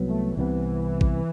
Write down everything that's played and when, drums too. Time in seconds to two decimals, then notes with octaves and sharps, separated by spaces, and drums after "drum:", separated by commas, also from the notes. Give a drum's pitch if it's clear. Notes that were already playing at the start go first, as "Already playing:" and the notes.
Already playing: C2 F#3 B3
0.08 A3
0.37 C2 C3 E3 F#3 B3
1.01 drum: kick A1